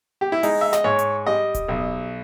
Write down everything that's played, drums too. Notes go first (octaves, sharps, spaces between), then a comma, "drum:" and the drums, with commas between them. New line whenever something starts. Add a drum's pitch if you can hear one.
G4
E4
G#3 D#4, drum: open hi-hat
E5
D#5, drum: snare
G#2 C#5
drum: hi-hat
G3 D#5
drum: kick D1, hi-hat
B1